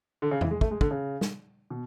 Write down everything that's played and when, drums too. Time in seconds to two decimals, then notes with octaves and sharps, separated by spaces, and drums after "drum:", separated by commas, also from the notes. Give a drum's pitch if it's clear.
0.22 D3
0.31 C#3
0.41 E3, drum: tom E2
0.51 G#3
0.61 A3, drum: kick
0.71 G#3
0.81 D3, drum: kick
0.91 C#3
1.21 drum: snare
1.70 B2